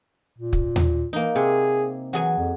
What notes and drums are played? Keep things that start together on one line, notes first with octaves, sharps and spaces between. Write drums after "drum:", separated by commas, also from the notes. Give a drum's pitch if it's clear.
A#2
drum: kick
drum: tom D#2
E3 A#3 D#4
C3 G#4
E3 F#3 G#4 G#5
F2